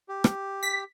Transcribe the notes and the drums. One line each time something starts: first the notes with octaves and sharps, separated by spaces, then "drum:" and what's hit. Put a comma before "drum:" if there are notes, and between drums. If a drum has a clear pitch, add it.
G4
drum: rim click
B6